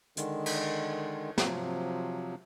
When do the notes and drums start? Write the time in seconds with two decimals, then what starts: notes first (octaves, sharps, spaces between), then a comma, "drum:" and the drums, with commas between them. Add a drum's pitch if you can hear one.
0.17 D3 D#3 G#3, drum: hi-hat
0.46 drum: cymbal
1.38 C3 F3 F#3, drum: snare